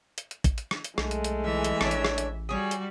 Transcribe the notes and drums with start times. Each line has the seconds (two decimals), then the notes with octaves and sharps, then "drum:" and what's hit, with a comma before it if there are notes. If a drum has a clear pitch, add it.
0.18 drum: hi-hat
0.31 drum: hi-hat
0.44 drum: kick A1, hi-hat
0.58 drum: hi-hat
0.71 drum: rim click
0.84 drum: hi-hat
0.98 B1 G#3 A3, drum: rim click
1.11 drum: hi-hat
1.24 drum: hi-hat
1.44 E3 E5
1.65 drum: hi-hat
1.81 A1 D4 C#5, drum: rim click
1.91 drum: hi-hat
2.05 drum: rim click
2.18 drum: hi-hat
2.49 G3 F#4 G#4 C#5
2.71 drum: hi-hat